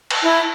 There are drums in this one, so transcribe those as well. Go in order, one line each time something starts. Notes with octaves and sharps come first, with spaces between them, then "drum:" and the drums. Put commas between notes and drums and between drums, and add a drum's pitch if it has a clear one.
drum: cymbal
E4